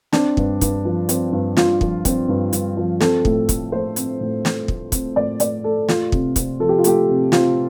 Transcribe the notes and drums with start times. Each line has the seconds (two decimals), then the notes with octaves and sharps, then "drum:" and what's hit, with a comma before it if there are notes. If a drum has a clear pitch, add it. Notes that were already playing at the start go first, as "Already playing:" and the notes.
0.12 C4 D4, drum: snare
0.37 G2, drum: kick
0.61 G2, drum: kick, hi-hat
0.85 F3
1.09 C4, drum: hi-hat
1.32 G2
1.56 G2 F4, drum: snare
1.81 F3, drum: kick
2.05 C4, drum: kick, hi-hat
2.29 G2
2.53 G2, drum: hi-hat
2.77 F3
3.00 C4 A4, drum: snare
3.25 A2, drum: kick
3.49 A2, drum: kick, hi-hat
3.72 A3 C5
3.96 C4, drum: hi-hat
4.21 A2
4.45 A2, drum: snare
4.68 A3, drum: kick
4.92 C4, drum: kick, hi-hat
5.16 A2 D5
5.40 A2 D5, drum: hi-hat
5.64 A3 A4
5.88 A3 F4, drum: snare
6.12 C3, drum: kick
6.36 C4, drum: kick, hi-hat
6.60 F3 A4
6.69 G4
6.78 F4
6.84 A3 G4, drum: hi-hat
7.08 C3
7.32 C4 F4, drum: snare